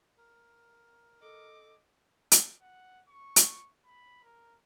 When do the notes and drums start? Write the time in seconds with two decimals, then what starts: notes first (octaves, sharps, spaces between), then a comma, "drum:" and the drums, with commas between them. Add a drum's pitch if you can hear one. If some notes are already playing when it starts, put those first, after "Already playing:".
0.17 A#4
1.21 A4 D#5 D6
2.31 drum: hi-hat
2.62 F#5
3.09 C#6
3.36 drum: hi-hat
3.86 B5
4.24 A#4